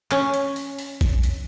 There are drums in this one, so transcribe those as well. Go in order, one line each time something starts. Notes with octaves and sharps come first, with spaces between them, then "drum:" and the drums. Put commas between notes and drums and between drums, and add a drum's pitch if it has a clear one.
C#4, drum: clap
drum: hi-hat
drum: open hi-hat
drum: open hi-hat
drum: kick, hi-hat
drum: hi-hat